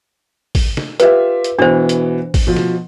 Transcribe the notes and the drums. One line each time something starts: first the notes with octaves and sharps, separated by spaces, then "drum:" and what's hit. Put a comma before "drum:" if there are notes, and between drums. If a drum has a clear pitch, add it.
drum: kick, open hi-hat
drum: snare
F4 G4 B4 E5, drum: hi-hat
drum: hi-hat
B2 E3 B3 D4 C5
drum: hi-hat
drum: kick, open hi-hat
B2 F3
drum: snare